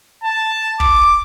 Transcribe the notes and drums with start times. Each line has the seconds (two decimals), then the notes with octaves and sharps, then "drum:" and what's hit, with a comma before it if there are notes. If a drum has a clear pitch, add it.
0.24 A5
0.80 D6, drum: kick